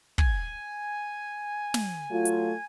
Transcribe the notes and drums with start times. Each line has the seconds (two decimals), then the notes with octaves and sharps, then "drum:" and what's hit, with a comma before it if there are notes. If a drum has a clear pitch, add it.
0.18 G#5, drum: kick
1.74 drum: snare
2.10 F#3 A3 F4
2.25 drum: hi-hat